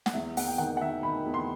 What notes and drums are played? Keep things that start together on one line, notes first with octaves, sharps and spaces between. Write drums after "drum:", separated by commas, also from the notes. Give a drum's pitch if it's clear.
F#5, drum: snare
E2 E5
E2 F#5, drum: open hi-hat
G5
D#3 F#5
F#5
D#3 E5
D#3 B5
E2
C6